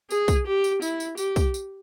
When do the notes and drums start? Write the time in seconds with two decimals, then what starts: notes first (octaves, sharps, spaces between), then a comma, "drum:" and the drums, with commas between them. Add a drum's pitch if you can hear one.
0.11 G#4, drum: tambourine
0.28 drum: kick, tambourine
0.47 G4
0.64 drum: tambourine
0.82 E4, drum: tambourine
1.00 drum: tambourine
1.17 G4, drum: tambourine
1.36 drum: kick, tambourine
1.54 drum: tambourine